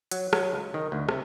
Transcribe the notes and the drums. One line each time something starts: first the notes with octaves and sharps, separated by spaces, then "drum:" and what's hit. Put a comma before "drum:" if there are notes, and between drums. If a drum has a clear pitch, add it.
F#3, drum: hi-hat
F#3, drum: rim click
C#2
D#3
D2
C3, drum: rim click